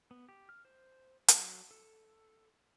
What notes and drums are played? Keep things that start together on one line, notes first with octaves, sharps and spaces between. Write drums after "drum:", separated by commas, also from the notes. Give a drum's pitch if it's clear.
B3
G4
F6
C5
F#3, drum: hi-hat
A4